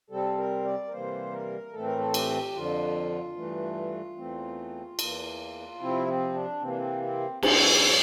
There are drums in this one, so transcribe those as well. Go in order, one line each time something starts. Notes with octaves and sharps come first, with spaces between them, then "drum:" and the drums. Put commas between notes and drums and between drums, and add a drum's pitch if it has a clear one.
C3 G3 C4 A4
A#4
D5
A#4
C3 E3 G3 A#3 C5
A#4
A2 E3 A3 C4 A4
A#4
A4
G4, drum: cymbal
F2 D3 F3 F4
G2 E3 A3
E2 E3 A3 C4
E2 E3 A#3, drum: cymbal
C3 F3 C4 E4
C4
D4
C3 E3 A#3 C4
D4
C4
C4
G2 F3 C4, drum: cymbal